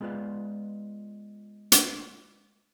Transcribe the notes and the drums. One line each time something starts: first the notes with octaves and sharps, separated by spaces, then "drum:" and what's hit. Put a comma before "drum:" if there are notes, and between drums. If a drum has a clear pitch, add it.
G#3 B3 F4 B4 D5 F5
drum: hi-hat